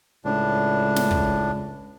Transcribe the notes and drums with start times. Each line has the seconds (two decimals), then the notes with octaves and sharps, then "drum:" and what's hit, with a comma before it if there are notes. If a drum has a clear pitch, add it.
0.25 C#2 A2 D4
0.96 drum: snare
1.11 drum: kick